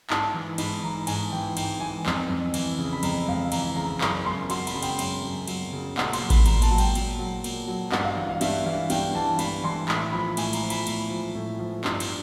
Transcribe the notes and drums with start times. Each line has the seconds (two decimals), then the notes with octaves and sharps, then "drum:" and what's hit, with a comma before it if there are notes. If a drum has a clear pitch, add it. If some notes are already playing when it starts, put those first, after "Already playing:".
0.10 G#2 A5, drum: clap
0.34 E3
0.58 G#2 B5, drum: cymbal
0.83 E3 A#5
1.07 G#2 G#5, drum: cymbal
1.32 E3 G5
1.57 G#2 G5, drum: cymbal
1.80 E3 G#5
2.06 F2, drum: clap
2.29 F2
2.54 E3, drum: cymbal
2.78 C#3
2.93 B5
3.03 F2 A#5, drum: cymbal
3.28 F2 F5
3.52 E3 A#5, drum: cymbal
3.76 C#3 A#5
4.01 F#2 B5, drum: clap
4.26 F#2 C6
4.50 F#3 C6, drum: cymbal
4.67 B5, drum: cymbal
4.75 C#3
4.82 G5, drum: cymbal
4.99 F#2, drum: cymbal
5.24 F#2
5.48 F#3, drum: cymbal
5.72 C#3
5.98 A#2 F#5, drum: clap
6.13 C6, drum: cymbal
6.21 F#3
6.30 B5, drum: kick A1, cymbal
6.46 A#2 A#5, drum: cymbal
6.62 A5, drum: cymbal
6.71 F#3
6.78 G5, drum: cymbal
6.95 A#2, drum: cymbal
7.19 F#3
7.44 A#2, drum: cymbal
7.68 F#3
7.92 G2 F#5, drum: clap
8.05 F5
8.17 E3
8.29 F5
8.41 G2 E5, drum: cymbal
8.65 E3 F5
8.90 G2 G5, drum: cymbal
9.14 E3 A5
9.39 G2 B5, drum: cymbal
9.64 E3 C6
9.88 A2 B5, drum: clap
10.13 F3 B5
10.37 A2 G#5, drum: cymbal
10.53 A#5, drum: cymbal
10.62 F3
10.70 B5, drum: cymbal
10.87 A2, drum: cymbal
11.10 F3
11.35 A2
11.59 F3
11.84 G2 C6, drum: clap
12.00 drum: cymbal